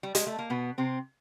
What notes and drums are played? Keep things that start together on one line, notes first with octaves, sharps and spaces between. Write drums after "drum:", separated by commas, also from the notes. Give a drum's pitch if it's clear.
G3
G#3, drum: hi-hat
A3
A#3
B2 B3
C3 C4